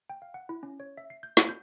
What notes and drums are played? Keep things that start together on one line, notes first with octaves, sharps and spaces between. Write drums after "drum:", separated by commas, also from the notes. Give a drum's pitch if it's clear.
G5
F5
F#5
E4
C#4
C#5
E5
C7
G6
A5, drum: snare
G6